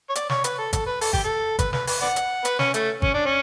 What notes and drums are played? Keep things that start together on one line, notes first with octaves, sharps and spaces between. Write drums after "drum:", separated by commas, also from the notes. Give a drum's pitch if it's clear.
C#5
D5, drum: hi-hat
C#5, drum: snare
B4, drum: hi-hat
A4
A4, drum: kick G#1, hi-hat
B4
A4, drum: open hi-hat
G4, drum: kick G#1
A4
B4, drum: kick G#1, hi-hat
B4, drum: snare
B4, drum: open hi-hat
B4 D5 F#5
drum: hi-hat
B4, drum: hi-hat
C#4, drum: snare
A3, drum: hi-hat
C#4, drum: kick G#1
D4
C#4